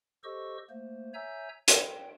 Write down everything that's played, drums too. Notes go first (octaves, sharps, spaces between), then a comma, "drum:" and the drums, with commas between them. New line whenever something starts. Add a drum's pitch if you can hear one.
G4 A4 C5 D#5 C#6 E6
A3 A#3 C5
C#5 E5 G#5 A#5 E6 G6
G5, drum: hi-hat